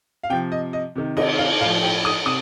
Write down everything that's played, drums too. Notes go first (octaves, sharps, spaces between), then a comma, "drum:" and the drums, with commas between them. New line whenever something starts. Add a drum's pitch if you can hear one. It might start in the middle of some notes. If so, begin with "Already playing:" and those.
F5
C3 F3 G5
D#5
D#5
C3 D#3
D#5, drum: cymbal
F5
A2 F5
F3
G5
D#6
C3 D#6